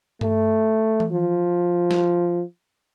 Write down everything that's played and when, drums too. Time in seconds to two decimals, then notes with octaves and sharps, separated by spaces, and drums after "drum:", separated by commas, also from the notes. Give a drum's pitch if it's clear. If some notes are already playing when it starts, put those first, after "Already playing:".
0.21 A3, drum: tom G2
1.00 drum: tom E3
1.11 F3
1.91 drum: snare